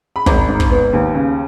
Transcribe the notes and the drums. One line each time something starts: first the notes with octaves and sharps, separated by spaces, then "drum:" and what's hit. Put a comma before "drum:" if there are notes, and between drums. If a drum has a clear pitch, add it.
B5
G#1 A#5, drum: kick
G#2
drum: kick
B3
D#2
C#3